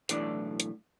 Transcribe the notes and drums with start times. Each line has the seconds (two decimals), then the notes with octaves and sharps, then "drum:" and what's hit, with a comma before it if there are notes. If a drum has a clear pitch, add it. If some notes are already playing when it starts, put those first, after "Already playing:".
0.09 B1 A2 E3 A3 D4 D5, drum: hi-hat
0.60 drum: hi-hat